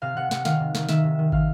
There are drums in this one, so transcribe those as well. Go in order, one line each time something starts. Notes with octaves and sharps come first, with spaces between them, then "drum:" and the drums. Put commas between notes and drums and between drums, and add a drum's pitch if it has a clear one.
C3 F5
C3 F#5
C3 F#5, drum: snare
D#3 F5, drum: snare
C3
D#3, drum: snare
D#3 E5, drum: snare
C3
D#3
D#3 F5, drum: kick